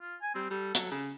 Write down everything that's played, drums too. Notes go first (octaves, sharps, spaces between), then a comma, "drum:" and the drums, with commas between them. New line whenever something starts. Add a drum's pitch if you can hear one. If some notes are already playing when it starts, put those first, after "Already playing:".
F4
G#5
G3 C4
G3 A4
F#3, drum: hi-hat
C#3